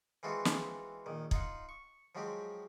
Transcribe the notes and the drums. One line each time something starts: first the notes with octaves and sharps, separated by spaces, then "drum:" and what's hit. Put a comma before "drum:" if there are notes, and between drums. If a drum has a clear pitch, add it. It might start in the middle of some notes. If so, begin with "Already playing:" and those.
E3 G#3 C4 F4 F#4 A4
drum: snare
A#1 D#3
D#4 F4 F#5, drum: kick
C#6
F3 F#3 G#3 C4 G4